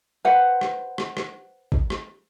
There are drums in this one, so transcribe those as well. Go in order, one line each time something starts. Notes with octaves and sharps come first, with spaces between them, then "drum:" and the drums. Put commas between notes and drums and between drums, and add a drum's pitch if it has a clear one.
B4 C5 F#5
drum: rim click
drum: rim click
drum: rim click
drum: kick
drum: rim click